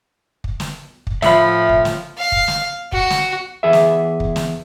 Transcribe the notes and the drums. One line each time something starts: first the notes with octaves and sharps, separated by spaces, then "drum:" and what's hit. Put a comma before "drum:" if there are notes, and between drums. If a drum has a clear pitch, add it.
drum: kick
drum: snare
drum: kick
A2 F3 E5 B5, drum: snare
drum: kick
drum: snare
F5
drum: kick
drum: snare
F#4, drum: kick
drum: snare
E2 G#4 E5
drum: snare
drum: kick
drum: snare